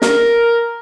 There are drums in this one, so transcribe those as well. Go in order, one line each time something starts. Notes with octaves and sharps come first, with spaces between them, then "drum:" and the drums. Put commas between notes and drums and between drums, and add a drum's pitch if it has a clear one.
A#4, drum: snare